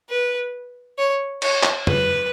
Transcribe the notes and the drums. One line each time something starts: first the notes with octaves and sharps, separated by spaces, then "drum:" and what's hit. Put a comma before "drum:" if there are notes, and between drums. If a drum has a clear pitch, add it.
B4
C#5
C#5, drum: cymbal
drum: clap
B4, drum: tom